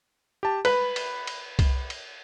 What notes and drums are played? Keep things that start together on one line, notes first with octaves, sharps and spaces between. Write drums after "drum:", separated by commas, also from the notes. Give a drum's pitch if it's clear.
G4 A5
B4 B5, drum: cymbal
drum: cymbal
drum: cymbal
drum: kick C2, cymbal
drum: cymbal